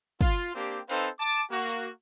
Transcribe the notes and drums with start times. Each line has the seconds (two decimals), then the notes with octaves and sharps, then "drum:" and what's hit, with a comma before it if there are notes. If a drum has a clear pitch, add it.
0.21 F4, drum: kick
0.54 A#3 C4 D4 G4
0.89 C4 D#4 A4 B4 C5 F5, drum: hi-hat
1.20 A5 D6
1.51 A#3 F#4
1.69 drum: hi-hat